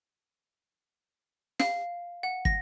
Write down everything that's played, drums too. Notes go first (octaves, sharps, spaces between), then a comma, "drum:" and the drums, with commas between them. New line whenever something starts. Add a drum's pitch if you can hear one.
F5, drum: snare
F#5
A#6, drum: kick